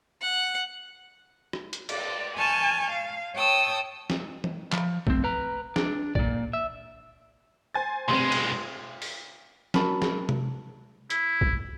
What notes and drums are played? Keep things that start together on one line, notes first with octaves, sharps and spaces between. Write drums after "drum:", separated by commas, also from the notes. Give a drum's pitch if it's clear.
F#5
drum: rim click
drum: hi-hat
D5, drum: cymbal
G#5 A5 C#6 F6 G6
F5
C#5 G5 A5 D#6 E6
drum: snare
drum: tom E3
F3, drum: clap
A3 C4, drum: kick
B4 A#5
D4, drum: snare
A#2 D5, drum: kick
E5
C5 G#5 A6
F1 B1 G2 G#3 C4 C6
drum: cymbal
drum: open hi-hat
F#3 C#4 A#4 A5 B5, drum: snare
drum: snare
drum: tom C3
E4, drum: hi-hat
drum: kick